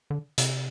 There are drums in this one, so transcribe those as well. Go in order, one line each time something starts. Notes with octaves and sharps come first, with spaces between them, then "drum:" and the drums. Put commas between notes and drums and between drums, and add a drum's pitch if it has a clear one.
D3
C3, drum: hi-hat